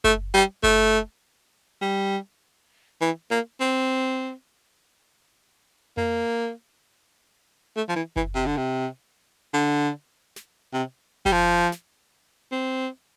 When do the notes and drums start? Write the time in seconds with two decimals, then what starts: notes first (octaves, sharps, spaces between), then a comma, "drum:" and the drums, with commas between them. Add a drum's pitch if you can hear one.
0.04 A3, drum: kick F#1
0.34 G3
0.63 A3, drum: kick F#1
1.82 G3
3.01 E3
3.31 A#3
3.60 C4
5.97 A#3, drum: tom F2
7.76 A3
7.89 F3
7.96 E3
8.16 E3, drum: kick F#1
8.35 C3
8.46 D3
8.57 C3
9.54 D3
10.36 drum: snare
10.74 C3
11.25 G3, drum: kick F#1
11.32 F3
11.72 drum: snare
12.52 C4